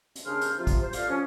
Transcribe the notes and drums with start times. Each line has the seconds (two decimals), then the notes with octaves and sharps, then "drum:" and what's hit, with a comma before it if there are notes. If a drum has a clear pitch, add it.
0.15 drum: hi-hat
0.25 D#2 C#3 D4 G#4 C5 F6
0.41 drum: hi-hat
0.57 C3 F3 F4
0.67 drum: kick, hi-hat
0.81 C5
0.93 A3 F4 G4 D5 F5, drum: hi-hat
1.09 F3 C#4